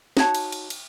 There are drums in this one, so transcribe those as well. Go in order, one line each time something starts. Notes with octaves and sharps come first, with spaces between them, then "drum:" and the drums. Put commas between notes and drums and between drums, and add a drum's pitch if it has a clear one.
D#4 F#4 C#5 A5, drum: snare
drum: cymbal
drum: cymbal
drum: cymbal